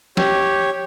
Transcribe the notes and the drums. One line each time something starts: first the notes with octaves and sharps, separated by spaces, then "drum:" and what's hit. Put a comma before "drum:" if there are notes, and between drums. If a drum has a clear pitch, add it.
G4 C#5, drum: snare